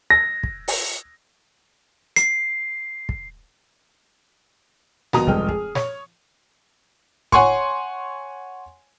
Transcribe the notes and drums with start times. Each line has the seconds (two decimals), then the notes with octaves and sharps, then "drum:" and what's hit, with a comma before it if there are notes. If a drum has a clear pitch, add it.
0.10 A#6
0.43 drum: kick
0.68 drum: open hi-hat
2.16 C7, drum: hi-hat
3.09 drum: kick
5.13 D#2 B2 F#3 A#5 D#6, drum: snare
5.27 F1 G2 G#3 G5 F6, drum: kick
5.49 G#4, drum: kick
5.75 C#5, drum: snare
7.32 C#5 F#5 G#5 C6 C#6, drum: kick